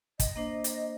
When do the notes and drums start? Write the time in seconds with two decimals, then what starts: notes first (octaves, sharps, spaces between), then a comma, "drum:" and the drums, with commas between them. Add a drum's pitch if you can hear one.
0.20 D#5, drum: kick, hi-hat
0.36 A#3 D4 C5
0.64 drum: hi-hat